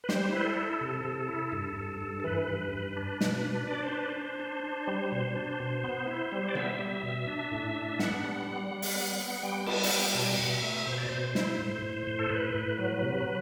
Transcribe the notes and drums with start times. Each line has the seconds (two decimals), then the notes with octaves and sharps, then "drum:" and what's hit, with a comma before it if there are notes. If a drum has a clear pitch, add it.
0.04 B4
0.09 G3 C5, drum: snare
0.32 E4 B4
0.45 A4
0.57 E4
0.81 C3
1.05 C3
1.28 E4
1.52 G2
1.76 G2
2.01 G2
2.20 A4
2.24 E3 B4
2.48 G2
2.72 G2
2.96 D4
3.21 B2, drum: snare
3.44 D4
3.67 D4 D5
3.82 C5
3.92 D4 B4
4.09 C5
4.16 D4
4.40 D4
4.64 D4
4.87 G3
5.12 B2 C5
5.35 D4
5.60 B2
5.83 B3
6.07 E4
6.32 G3
6.48 D5
6.55 B3 E5, drum: tom B2
6.79 G3
7.03 B2
7.27 D4
7.51 A2
7.75 D4
7.99 B3 F#5, drum: snare
8.23 G3
8.47 G3
8.71 G3
8.82 drum: open hi-hat
8.95 B3
9.19 B3
9.38 F#5
9.43 G3 G5
9.60 G5
9.66 B3 A5, drum: cymbal
9.83 F#5, drum: open hi-hat
9.90 G3 G5
10.12 B2 A5
10.24 G5
10.37 B2 F#5
10.51 E5
10.62 A3
10.86 B2 C5
10.98 D5
11.09 B2 C5
11.35 E4, drum: snare
11.59 A2
11.82 A2
12.07 A2
12.19 A4
12.30 A2 B4
12.55 A2
12.78 F#3
13.02 C3